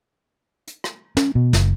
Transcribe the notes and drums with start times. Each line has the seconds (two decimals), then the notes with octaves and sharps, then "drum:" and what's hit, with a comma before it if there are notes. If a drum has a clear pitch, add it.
0.67 drum: hi-hat
0.84 drum: rim click
1.17 C#4, drum: snare
1.35 B2
1.53 F#1, drum: snare